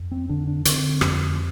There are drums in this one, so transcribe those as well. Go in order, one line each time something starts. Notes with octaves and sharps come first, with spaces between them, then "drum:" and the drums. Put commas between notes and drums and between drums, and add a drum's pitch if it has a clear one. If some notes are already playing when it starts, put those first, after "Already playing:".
Already playing: F2
C4
D3 D4
D4
D3 C4, drum: hi-hat
F2, drum: rim click